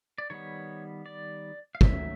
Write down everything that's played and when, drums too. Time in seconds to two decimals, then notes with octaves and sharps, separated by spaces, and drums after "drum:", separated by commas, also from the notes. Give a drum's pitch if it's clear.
0.18 D5
0.30 D#3 G3 B3 C#5
1.06 D5
1.75 F5
1.81 D#3 F#3 A3 C#4 E5, drum: kick